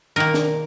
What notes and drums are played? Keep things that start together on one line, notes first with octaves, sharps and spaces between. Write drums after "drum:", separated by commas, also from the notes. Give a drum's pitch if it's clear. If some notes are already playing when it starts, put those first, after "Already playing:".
D#3 A#3 A#4
drum: snare